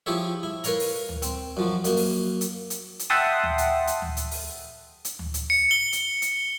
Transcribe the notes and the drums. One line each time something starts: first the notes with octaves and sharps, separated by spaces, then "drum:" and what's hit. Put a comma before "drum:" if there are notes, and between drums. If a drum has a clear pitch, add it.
F3 E4 G4 G#4 C#5 E5
E4
A#4 B4 C#5 F5 A#5, drum: hi-hat
drum: open hi-hat
drum: tom D2
C4, drum: hi-hat
F#2 F3 F#3
F#2 A#3, drum: hi-hat
drum: open hi-hat
drum: hi-hat
drum: hi-hat
drum: hi-hat
E5 F#5 G5 A5 C6 D#6
drum: tom D2
drum: hi-hat
drum: hi-hat
drum: tom D2
drum: hi-hat
drum: open hi-hat
drum: hi-hat
drum: tom D2
drum: hi-hat
C#7
G7
drum: hi-hat
drum: hi-hat